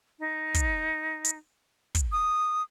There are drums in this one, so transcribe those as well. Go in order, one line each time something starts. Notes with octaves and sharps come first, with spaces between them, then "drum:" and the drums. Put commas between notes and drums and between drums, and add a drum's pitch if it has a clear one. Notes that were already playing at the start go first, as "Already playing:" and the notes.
D#4
drum: kick, hi-hat
drum: hi-hat
drum: kick, hi-hat
D#6